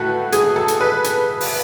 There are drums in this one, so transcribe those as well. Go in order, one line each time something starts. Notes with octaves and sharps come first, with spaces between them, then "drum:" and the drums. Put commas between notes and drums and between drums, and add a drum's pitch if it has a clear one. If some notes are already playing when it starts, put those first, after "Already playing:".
Already playing: A2 F#4 A4 B4
G#4, drum: hi-hat
A4
drum: hi-hat
B4
drum: hi-hat
drum: open hi-hat